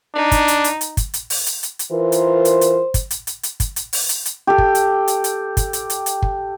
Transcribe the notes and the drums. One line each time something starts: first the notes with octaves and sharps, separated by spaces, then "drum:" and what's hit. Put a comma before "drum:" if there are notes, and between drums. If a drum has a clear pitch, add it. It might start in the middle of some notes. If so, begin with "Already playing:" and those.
D4 D#4
drum: kick, hi-hat
drum: hi-hat
drum: hi-hat
drum: hi-hat
drum: kick, hi-hat
drum: hi-hat
drum: open hi-hat
drum: hi-hat
drum: hi-hat
drum: hi-hat
E3 F4 A#4 C5
drum: hi-hat
drum: hi-hat
drum: hi-hat
drum: kick, hi-hat
drum: hi-hat
drum: hi-hat
drum: hi-hat
drum: kick, hi-hat
drum: hi-hat
drum: open hi-hat
drum: hi-hat
drum: hi-hat
G4 A4
drum: kick
drum: hi-hat
drum: hi-hat
drum: hi-hat
drum: kick, hi-hat
drum: hi-hat
drum: hi-hat
drum: hi-hat
drum: kick